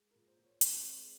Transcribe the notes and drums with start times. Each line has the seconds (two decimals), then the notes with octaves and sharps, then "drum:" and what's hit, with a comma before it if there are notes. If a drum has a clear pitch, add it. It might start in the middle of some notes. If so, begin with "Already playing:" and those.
Already playing: G#3
0.11 A#2 A#4
0.27 C5
0.39 A#2
0.44 C#5
0.61 C4 F5, drum: hi-hat
0.79 G#3 C#5